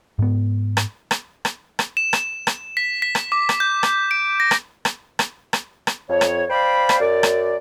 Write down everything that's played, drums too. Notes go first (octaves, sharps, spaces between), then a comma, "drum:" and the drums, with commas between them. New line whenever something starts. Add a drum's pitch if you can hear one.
G#2 B3
drum: rim click
drum: rim click
drum: rim click
drum: rim click
E7
drum: rim click
drum: rim click
B6
B6
drum: rim click
D6
drum: rim click
G6
drum: rim click
D7
A#6
drum: rim click
drum: rim click
drum: rim click
drum: rim click
drum: rim click
F2 C#5
drum: rim click
C5 D5 F5 G5 B5
drum: rim click
F#2 D5
drum: rim click